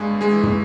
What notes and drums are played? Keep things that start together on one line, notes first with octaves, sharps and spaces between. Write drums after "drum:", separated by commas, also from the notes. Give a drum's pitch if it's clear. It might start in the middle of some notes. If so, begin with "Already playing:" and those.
Already playing: G2 G#3 G#4
G1
G#3 G#4
E3
drum: tom